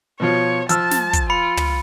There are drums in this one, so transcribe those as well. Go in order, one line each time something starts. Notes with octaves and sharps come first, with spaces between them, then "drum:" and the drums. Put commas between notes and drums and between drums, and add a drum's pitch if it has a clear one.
B2 F3 F4 C#5
F3 A5 E6 F6, drum: hi-hat
drum: snare
drum: kick, hi-hat
F4 B5 C#7
drum: tom